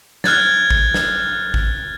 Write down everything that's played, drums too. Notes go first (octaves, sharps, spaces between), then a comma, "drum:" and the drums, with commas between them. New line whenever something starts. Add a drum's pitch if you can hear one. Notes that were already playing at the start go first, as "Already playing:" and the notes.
F6 F#6 G#6 A6, drum: snare
drum: kick G#1
drum: snare
drum: kick G#1